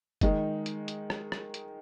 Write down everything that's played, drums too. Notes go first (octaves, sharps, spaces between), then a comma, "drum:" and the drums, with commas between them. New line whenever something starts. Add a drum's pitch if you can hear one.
D#3 G#3 D#4, drum: kick, hi-hat
drum: hi-hat
drum: hi-hat
drum: rim click
drum: rim click
drum: hi-hat